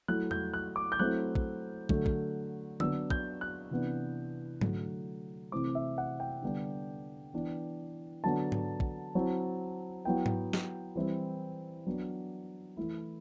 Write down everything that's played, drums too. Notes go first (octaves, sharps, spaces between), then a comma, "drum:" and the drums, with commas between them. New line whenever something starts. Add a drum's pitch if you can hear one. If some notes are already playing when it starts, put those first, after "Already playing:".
F#3 A3 E4 F#6
G6, drum: tom E2
F#6
D6
G6
F#3 A3 C4 E4 F#6
drum: kick
D3 F#3 A3, drum: kick
drum: kick
F#3 B3 D4 E6, drum: tom D3
G6, drum: kick
F#6
C3 E3 B3 D4
D3 F#3 A3, drum: tom G#2
C3 E3 A3 C4 E4 D6
E5
F#5
G5
D3 G3 B3 D4
E3 B3 D4
D3 F#3 B3 D4 A5
drum: tom G#2
drum: kick
F#3 C4 E4
F#3 B3 E4 G5
drum: tom G#2
drum: snare
E3 G3 C4 E4
F#3 B3 D4
E3 A3 E4